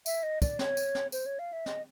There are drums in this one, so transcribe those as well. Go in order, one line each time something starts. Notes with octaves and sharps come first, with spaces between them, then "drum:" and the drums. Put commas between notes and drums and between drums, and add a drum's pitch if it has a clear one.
E5, drum: tambourine
D#5
D5, drum: kick, tambourine
C#5, drum: snare
drum: tambourine
drum: snare
C5, drum: tambourine
C#5
F5
E5
D#5, drum: snare